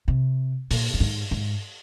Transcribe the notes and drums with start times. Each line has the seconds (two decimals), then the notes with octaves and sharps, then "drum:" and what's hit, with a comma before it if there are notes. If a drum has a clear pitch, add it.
0.08 C3
0.71 A#2, drum: open hi-hat
0.94 G2
1.00 G#2
1.31 G#2